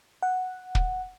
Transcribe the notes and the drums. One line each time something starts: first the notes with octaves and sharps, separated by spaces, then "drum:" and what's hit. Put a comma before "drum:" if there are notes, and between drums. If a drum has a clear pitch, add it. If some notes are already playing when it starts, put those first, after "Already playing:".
F#5
drum: kick